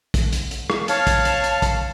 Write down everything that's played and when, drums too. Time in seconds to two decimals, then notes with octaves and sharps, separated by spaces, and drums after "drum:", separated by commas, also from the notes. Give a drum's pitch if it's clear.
0.14 drum: kick, hi-hat
0.33 drum: hi-hat
0.51 drum: hi-hat
0.70 drum: rim click
0.88 C#5 F5 A5, drum: hi-hat
1.07 drum: kick, hi-hat
1.25 drum: hi-hat
1.44 drum: hi-hat
1.62 drum: kick, hi-hat